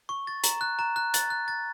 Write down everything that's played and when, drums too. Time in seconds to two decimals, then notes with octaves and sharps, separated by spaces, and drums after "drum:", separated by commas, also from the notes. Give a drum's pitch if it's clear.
0.09 C#6
0.27 A6
0.44 A#5, drum: hi-hat
0.61 F#6
0.79 A#5
0.96 F#6
1.14 A6, drum: hi-hat
1.30 F#6
1.48 A6